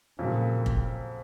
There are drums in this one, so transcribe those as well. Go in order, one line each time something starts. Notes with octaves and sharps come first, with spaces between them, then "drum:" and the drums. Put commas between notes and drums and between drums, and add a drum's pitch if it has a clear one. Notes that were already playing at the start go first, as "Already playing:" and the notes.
F2 A#2 C#3 F#3
drum: kick F1